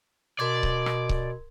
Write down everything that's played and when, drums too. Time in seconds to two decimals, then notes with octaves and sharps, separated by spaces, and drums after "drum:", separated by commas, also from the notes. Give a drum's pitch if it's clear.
0.40 B2 A#4 D5 C6 G#6
0.63 drum: kick C#1
0.86 drum: rim click
1.09 drum: kick C#1